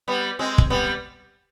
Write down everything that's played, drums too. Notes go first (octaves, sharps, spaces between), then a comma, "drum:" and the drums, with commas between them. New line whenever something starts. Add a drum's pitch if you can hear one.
G3 B3
G#3 C4
drum: kick
G3 B3